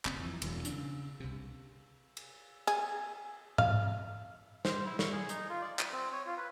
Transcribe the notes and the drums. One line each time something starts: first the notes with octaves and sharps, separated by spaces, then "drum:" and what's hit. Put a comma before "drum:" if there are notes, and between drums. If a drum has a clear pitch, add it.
F#1 C4, drum: clap
F2 E3
E1 E2 F#3, drum: cymbal
C#3 D4, drum: hi-hat
C2 C3
drum: cymbal
G#4, drum: cymbal
F5, drum: tom G#2
C5, drum: snare
E4
C#6, drum: snare
G#4
D#4, drum: hi-hat
F4
D5
D#6, drum: clap
C4
C#5
F4
B4